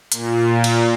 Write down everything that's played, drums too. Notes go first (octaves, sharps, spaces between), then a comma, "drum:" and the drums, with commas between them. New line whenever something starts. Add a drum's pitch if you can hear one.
A#2, drum: hi-hat
drum: cymbal